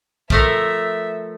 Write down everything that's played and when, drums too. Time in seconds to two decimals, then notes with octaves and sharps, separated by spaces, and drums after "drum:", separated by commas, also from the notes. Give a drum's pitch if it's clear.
0.30 F3 A3 A#4 E5, drum: kick A#1